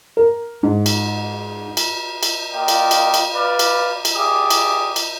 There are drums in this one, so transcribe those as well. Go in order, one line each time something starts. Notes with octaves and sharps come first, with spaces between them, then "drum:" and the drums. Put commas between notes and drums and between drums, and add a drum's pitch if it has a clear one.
A#4
G#2
drum: cymbal
drum: cymbal
drum: cymbal
A#3 F4 D5 D#5 G5
drum: cymbal
drum: cymbal
drum: cymbal
B4 D5 F5
drum: cymbal
drum: cymbal
G4 G#4 D5 E5 D6 D#6
drum: cymbal
drum: cymbal